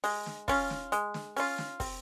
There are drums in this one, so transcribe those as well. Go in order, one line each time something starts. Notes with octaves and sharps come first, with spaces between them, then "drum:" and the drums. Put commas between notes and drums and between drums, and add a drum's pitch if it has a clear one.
G#3, drum: open hi-hat
drum: snare
C#4 F4, drum: kick, open hi-hat
drum: snare
G#3, drum: hi-hat
drum: snare
C#4 F4, drum: open hi-hat
drum: snare
C4, drum: kick, open hi-hat